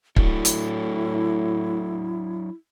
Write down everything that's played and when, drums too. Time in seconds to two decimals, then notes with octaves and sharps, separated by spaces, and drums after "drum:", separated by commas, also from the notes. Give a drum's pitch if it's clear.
0.16 A2 F#3 D4 E4, drum: kick
0.45 drum: hi-hat